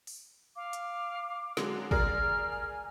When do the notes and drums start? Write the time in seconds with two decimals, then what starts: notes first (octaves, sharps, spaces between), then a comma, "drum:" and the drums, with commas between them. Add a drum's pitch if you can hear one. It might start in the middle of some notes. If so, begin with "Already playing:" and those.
0.07 drum: open hi-hat
0.56 F5 D6
0.73 drum: hi-hat
1.57 D3 F#3 G#3, drum: snare
1.91 G#4 A#4 D5 A#5 F6, drum: kick
2.52 G#5